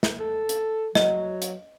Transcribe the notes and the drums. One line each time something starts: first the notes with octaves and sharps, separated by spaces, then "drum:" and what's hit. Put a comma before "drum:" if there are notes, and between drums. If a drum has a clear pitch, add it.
drum: snare
A4
drum: hi-hat
F#3 D#5, drum: snare
drum: hi-hat